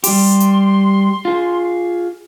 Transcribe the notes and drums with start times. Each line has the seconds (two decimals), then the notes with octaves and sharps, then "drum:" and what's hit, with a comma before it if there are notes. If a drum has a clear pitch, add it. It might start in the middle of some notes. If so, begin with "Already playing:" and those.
0.04 G3 G4 C6, drum: open hi-hat
0.40 drum: hi-hat
1.25 F4 G#4